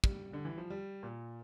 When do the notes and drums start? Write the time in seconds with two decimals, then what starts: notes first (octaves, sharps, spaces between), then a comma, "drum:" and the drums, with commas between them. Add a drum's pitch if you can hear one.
0.04 G3, drum: kick
0.33 D3
0.45 E3
0.58 F3
0.70 G3
1.03 A#2